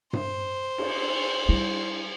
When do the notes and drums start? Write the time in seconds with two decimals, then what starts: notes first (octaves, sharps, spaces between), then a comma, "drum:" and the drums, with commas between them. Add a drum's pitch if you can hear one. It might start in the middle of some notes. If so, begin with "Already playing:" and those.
0.13 C5, drum: tom G2
0.78 drum: cymbal
1.48 G3 E4